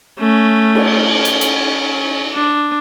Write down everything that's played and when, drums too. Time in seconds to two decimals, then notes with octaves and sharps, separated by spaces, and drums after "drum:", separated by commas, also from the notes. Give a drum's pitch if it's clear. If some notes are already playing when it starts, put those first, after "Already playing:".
0.19 A3 C#4
0.75 drum: cymbal
0.96 C#4
1.25 drum: hi-hat
1.41 drum: hi-hat
2.32 D4